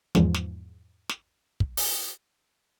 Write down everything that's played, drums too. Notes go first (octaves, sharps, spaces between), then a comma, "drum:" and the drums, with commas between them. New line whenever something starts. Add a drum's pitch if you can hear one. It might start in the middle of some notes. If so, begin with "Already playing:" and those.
E2 G#2 F3, drum: snare
drum: snare
drum: snare
drum: kick
drum: open hi-hat